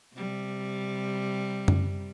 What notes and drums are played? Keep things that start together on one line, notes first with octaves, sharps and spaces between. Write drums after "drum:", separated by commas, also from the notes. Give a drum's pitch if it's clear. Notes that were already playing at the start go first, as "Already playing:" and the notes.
C3 G3
drum: tom F#2